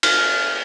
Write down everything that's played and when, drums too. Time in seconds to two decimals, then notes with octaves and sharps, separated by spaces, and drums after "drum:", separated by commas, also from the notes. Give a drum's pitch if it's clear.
0.03 F6, drum: cymbal